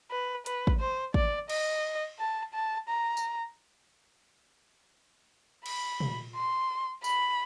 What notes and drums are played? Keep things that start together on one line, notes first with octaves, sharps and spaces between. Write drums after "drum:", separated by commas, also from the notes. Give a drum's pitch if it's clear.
B4
B4, drum: hi-hat
drum: kick
C5
D5, drum: kick
D#5, drum: cymbal
A5
A5
A#5
drum: tambourine
B5, drum: cymbal
drum: tom A#2
C6
B5, drum: tambourine